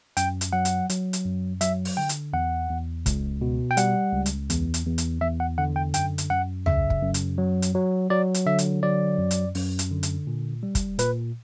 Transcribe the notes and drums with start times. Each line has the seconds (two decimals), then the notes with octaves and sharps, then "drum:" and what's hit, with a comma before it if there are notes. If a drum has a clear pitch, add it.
0.17 F#2 G5, drum: hi-hat
0.41 drum: hi-hat
0.53 F#3 F#5
0.65 drum: hi-hat
0.90 F#3, drum: hi-hat
1.13 drum: hi-hat
1.25 F#2
1.61 F#3 E5, drum: hi-hat
1.85 drum: open hi-hat
1.97 D3 G5
2.09 drum: hi-hat
2.33 E2 F#5
2.70 E2
3.06 C#2, drum: kick, hi-hat
3.41 B2
3.71 G5
3.77 G3 F#5, drum: hi-hat
4.13 C#2
4.26 drum: hi-hat
4.50 E2, drum: hi-hat
4.74 drum: hi-hat
4.86 E2
4.98 drum: hi-hat
5.21 E2 E5
5.40 F#5
5.58 D3 F#5
5.76 G5
5.94 F#2 G5, drum: hi-hat
6.18 drum: hi-hat
6.30 F#2 F#5
6.66 C#3 E5, drum: tom
6.90 drum: kick
7.02 F#2
7.14 drum: hi-hat
7.38 F#3
7.62 drum: hi-hat
7.74 F#3
8.10 F#3 D5
8.34 drum: hi-hat
8.46 D3 E5
8.58 drum: hi-hat
8.83 F#3 D5
9.19 F#2
9.31 drum: hi-hat
9.55 F#2, drum: open hi-hat
9.79 drum: hi-hat
9.91 D3
10.03 drum: hi-hat
10.27 A#2
10.63 G3
10.75 drum: kick, hi-hat
10.99 A#2 B4, drum: hi-hat